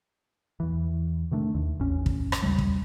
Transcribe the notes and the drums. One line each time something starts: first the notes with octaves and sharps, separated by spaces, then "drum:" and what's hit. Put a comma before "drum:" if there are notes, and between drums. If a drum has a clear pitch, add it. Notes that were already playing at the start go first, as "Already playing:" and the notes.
E2 E3
C3 D#3 A3 D4
D#2
A1 E2 C#4
drum: kick
drum: rim click
D#2 C#3 G3 G#3
drum: kick